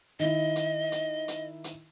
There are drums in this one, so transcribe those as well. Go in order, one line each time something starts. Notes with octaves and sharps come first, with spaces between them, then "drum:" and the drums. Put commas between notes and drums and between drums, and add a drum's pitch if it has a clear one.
D#3 E4 D#5
drum: hi-hat
drum: hi-hat
drum: hi-hat
drum: hi-hat